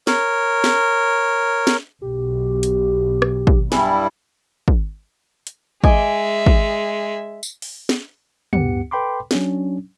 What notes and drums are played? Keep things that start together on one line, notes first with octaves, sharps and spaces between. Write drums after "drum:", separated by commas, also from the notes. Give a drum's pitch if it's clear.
A#4 C#5, drum: snare
drum: snare
drum: snare
B1 G4
drum: hi-hat
drum: rim click
drum: kick
G2 G3 E4 G#5, drum: snare
drum: kick
drum: hi-hat
G#3 D#5 E5 G#5 D6, drum: kick
drum: kick
drum: tambourine
drum: open hi-hat
drum: snare
D2 G2 B3 G4 F#5 C#7, drum: tom
A4 B4 G5 B5 C6 D6
F#3 C#4 D4, drum: snare